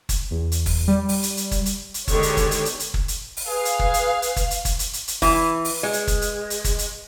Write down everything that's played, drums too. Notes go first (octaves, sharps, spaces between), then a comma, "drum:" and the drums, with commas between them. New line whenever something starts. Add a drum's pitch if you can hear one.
drum: kick, hi-hat
E2
drum: hi-hat
drum: kick, open hi-hat
G3
drum: open hi-hat
drum: hi-hat
drum: hi-hat
drum: kick, hi-hat
drum: hi-hat
drum: hi-hat
D3 D#3 G#3 B3 G4 C#5, drum: kick, hi-hat
drum: hi-hat
drum: kick, hi-hat
drum: hi-hat
drum: hi-hat
drum: hi-hat
drum: kick
drum: hi-hat
drum: open hi-hat
G#4 B4 F5
drum: hi-hat
drum: kick
drum: hi-hat
drum: hi-hat
drum: kick, hi-hat
drum: hi-hat
drum: kick, hi-hat
drum: hi-hat
drum: hi-hat
drum: hi-hat
E3, drum: kick, open hi-hat
drum: open hi-hat
G#3
drum: hi-hat
drum: kick, hi-hat
drum: hi-hat
drum: hi-hat
drum: kick, hi-hat
drum: hi-hat